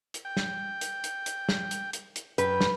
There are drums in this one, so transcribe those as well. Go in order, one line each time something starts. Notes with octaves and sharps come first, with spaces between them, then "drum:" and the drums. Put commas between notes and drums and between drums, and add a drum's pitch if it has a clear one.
drum: hi-hat
G5
drum: snare
drum: hi-hat
drum: hi-hat
drum: hi-hat
drum: snare
drum: hi-hat
drum: hi-hat
drum: hi-hat
F#2 B4 G5, drum: hi-hat
drum: snare